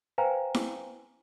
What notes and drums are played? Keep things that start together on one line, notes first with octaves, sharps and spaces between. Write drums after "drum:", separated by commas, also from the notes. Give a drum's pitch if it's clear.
B4 C5 F5 G5 G#5 A#5
drum: snare E4